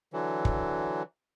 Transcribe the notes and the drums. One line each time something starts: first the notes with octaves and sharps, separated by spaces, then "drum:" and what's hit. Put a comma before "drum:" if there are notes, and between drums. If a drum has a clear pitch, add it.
D3 E3 F#3
drum: kick